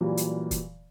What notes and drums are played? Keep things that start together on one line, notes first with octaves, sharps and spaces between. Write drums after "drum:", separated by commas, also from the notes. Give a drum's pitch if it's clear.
A#2 E3 F#3 G3
drum: hi-hat
drum: kick, hi-hat